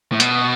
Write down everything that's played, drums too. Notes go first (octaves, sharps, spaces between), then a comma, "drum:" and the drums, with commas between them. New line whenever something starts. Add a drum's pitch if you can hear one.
A2
B2, drum: hi-hat